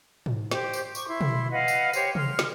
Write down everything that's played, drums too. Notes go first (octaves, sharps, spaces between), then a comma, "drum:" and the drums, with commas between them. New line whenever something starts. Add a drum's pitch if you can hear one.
drum: tom G#2
G4 C5, drum: snare
drum: tambourine
C#6 D6, drum: tambourine
E4 C6
drum: tom B2
B4 D#5 F5 F#5
drum: tambourine
G4 C5 C#5, drum: tambourine
C6 F6, drum: tom C3
drum: snare